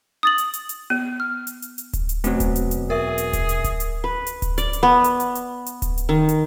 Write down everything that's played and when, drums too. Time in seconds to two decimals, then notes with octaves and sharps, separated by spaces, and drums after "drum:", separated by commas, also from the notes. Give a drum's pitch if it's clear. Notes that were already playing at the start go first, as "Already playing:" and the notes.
0.23 D#6 A6 F#7
0.38 drum: hi-hat
0.54 drum: hi-hat
0.69 drum: hi-hat
0.90 B3
1.20 F6
1.47 drum: hi-hat
1.62 drum: hi-hat
1.78 drum: hi-hat
1.93 drum: kick D1, hi-hat
2.09 drum: hi-hat
2.24 E1 F#3 A3 B3 C4, drum: hi-hat
2.40 drum: kick D1, hi-hat
2.56 drum: hi-hat
2.71 drum: hi-hat
2.90 G#4 A#4 E5
3.18 drum: hi-hat
3.33 drum: kick D1, hi-hat
3.49 drum: hi-hat
3.64 drum: kick D1, hi-hat
3.80 drum: hi-hat
4.04 B4
4.27 drum: hi-hat
4.42 drum: kick D1, hi-hat
4.58 D5, drum: hi-hat
4.73 drum: hi-hat
4.83 B3
5.04 drum: hi-hat
5.20 drum: hi-hat
5.35 drum: hi-hat
5.66 drum: hi-hat
5.82 drum: kick D1, hi-hat
5.98 drum: hi-hat
6.09 D#3
6.29 drum: hi-hat